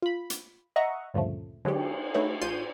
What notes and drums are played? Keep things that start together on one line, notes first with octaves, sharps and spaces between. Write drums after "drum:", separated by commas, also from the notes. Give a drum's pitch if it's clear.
F4 B5
drum: hi-hat
D#5 E5 F#5 A#5 C#6
D2 G2 A#2 C#3 F3 A3
D3 F#3 G#3 G4, drum: cymbal
A3 D#4 F#4 B4 C#5 E5
A1 F4 C6 G6 D#7